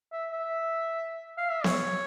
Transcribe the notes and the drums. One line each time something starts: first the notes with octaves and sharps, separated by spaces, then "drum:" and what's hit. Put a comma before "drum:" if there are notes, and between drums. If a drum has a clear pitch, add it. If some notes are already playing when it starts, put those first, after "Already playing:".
E5
E5
F5
E5
C#5, drum: snare B3